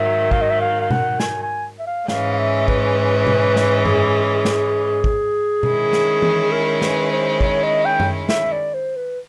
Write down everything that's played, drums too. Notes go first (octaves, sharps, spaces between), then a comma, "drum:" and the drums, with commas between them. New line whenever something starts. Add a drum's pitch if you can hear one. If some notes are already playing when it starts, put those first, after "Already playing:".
Already playing: G#2 D#3 F#3 E5
F5, drum: kick
D#5
E5
F5
F5
F#5, drum: tom B2
G#5, drum: snare
G#5
E5
F5
G#2 E3 G#3 C#4 F5, drum: snare
F5
E5
B4, drum: kick
drum: tom B2
drum: snare
G#4, drum: tom F#2
drum: snare
drum: kick
D#3 G#3 C#4 E4, drum: tom B2
drum: snare
drum: tom E3
A#4
B4, drum: snare
C5
C#5, drum: kick
D#5
G5
drum: tom F#2
E5, drum: snare
D5
C5
B4